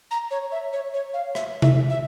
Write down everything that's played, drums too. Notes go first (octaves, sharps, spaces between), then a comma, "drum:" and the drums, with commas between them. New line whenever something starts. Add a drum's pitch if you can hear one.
A#5
C#5
E5
C#5
C#5
F5
E5, drum: rim click
E5, drum: tom C3
E5